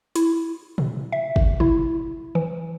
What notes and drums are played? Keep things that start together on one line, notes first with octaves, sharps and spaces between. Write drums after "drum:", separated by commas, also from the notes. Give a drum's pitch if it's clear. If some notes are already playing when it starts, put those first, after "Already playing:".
E4, drum: hi-hat
drum: tom A#2
E5
drum: kick
E4, drum: tom A#2
E3